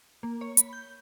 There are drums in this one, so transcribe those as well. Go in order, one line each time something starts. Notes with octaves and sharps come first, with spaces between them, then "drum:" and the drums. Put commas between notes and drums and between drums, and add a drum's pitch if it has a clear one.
A#3
C#5
B5, drum: hi-hat
G6